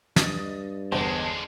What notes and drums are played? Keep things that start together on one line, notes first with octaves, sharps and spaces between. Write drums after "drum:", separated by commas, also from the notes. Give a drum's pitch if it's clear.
G2 D#5 D#6 A6, drum: snare
G1 E2 D3 G#3 C5 D#5 A5